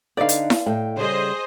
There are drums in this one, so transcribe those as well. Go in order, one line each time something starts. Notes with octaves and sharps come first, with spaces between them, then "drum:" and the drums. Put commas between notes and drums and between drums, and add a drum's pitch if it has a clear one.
D3 D#4 B4 D5 F5
drum: hi-hat
drum: snare E4
A2 G5
C#3 G3 G#4 C5 D#5